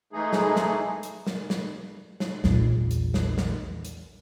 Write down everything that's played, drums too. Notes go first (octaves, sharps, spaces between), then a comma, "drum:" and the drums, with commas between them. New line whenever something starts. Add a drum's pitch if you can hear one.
E3 G#3 A3 D#4 G#4
drum: snare
drum: snare
drum: hi-hat
drum: snare
drum: snare
drum: snare
A#1 E2, drum: snare
drum: hi-hat
drum: snare
drum: snare
drum: hi-hat